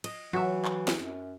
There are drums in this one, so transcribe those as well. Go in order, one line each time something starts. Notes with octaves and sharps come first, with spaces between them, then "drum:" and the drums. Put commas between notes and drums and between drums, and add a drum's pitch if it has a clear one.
D#5, drum: cymbal
E3 F#3 F#4 E5
drum: clap
drum: snare
F#2